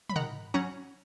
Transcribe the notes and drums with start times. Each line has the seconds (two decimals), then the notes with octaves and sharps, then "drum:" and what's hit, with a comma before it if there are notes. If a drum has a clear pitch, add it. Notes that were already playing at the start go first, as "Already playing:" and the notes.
0.09 B5, drum: tom
0.16 D#3 F#5 A#5
0.54 F#3 C#4 F#5 A#5